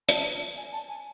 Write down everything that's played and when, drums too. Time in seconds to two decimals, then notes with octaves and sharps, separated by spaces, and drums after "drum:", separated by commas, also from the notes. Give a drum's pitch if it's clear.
0.09 A5, drum: hi-hat
0.57 G#5
0.73 A5
0.89 G#5